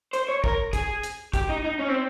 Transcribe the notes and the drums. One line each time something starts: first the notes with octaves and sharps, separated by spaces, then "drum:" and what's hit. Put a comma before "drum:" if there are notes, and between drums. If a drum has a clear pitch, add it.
C5, drum: hi-hat
C#5
A#4, drum: kick
G#4, drum: kick, hi-hat
drum: hi-hat
G4, drum: kick, hi-hat
D#4
D#4
C#4
C4